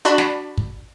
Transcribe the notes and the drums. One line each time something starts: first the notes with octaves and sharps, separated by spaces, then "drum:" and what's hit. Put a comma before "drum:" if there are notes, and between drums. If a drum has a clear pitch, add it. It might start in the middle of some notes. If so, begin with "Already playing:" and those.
D4 F#4 D5 B5
drum: snare
drum: kick